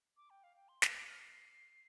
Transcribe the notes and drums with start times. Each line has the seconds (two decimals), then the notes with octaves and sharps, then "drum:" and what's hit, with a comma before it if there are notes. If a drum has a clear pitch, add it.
0.17 D6
0.30 G5
0.44 F5
0.56 G5
0.69 C6
0.82 D6, drum: snare
0.96 D6
1.09 F6
1.21 C7